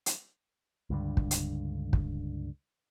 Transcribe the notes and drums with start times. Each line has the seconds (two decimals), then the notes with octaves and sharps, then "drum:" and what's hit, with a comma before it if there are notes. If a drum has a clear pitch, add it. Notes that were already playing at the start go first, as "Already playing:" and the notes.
0.06 drum: hi-hat
0.90 C#2 G2 D3
1.17 drum: kick
1.31 drum: hi-hat
1.93 drum: kick